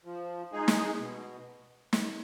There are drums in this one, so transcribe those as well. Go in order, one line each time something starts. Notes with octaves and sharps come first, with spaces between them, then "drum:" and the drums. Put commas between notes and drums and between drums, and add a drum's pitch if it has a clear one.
F3
G#3 D#4 G#4
drum: snare
B2
drum: snare